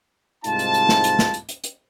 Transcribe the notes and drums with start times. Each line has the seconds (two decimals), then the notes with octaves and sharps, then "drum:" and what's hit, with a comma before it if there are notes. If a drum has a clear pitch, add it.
0.44 C2 G#2 D#4 F4 A5, drum: hi-hat
0.59 drum: hi-hat
0.74 drum: hi-hat
0.89 drum: snare
1.04 drum: hi-hat
1.19 drum: snare
1.34 drum: hi-hat
1.49 drum: hi-hat
1.64 drum: hi-hat